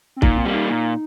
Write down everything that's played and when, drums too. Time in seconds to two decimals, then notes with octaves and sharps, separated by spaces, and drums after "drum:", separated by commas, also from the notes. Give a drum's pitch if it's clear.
0.16 C4
0.22 A#2 D#4, drum: kick
0.37 C4
0.45 G3 A#3
0.54 D#4
0.69 A#2 D#4